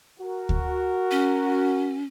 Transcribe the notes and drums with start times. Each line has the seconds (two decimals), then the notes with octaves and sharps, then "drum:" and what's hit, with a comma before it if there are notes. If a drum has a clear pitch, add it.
0.20 F#4 A#4
0.49 drum: kick D2
1.11 C#4